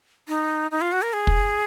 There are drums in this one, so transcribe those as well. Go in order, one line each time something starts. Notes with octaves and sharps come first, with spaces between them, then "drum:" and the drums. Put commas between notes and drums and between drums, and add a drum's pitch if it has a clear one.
D#4
D#4
F4
F#4
A#4
G#4
drum: kick